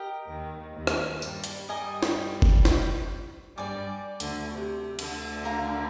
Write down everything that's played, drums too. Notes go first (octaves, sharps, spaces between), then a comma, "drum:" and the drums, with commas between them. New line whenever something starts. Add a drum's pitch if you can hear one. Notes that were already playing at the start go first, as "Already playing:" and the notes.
Already playing: G4 A#4 D#5 G5
D#2 D#3
D#2 D#3
drum: rim click
G2 G3, drum: tambourine
drum: hi-hat
G2 G3 A#4 D#5 G#5 D#6
drum: snare
drum: kick F#1
drum: snare
G2 G3 D5 G#5 D6
D2 D3, drum: hi-hat
C3
D2 D3, drum: cymbal
A#4 F5 A#5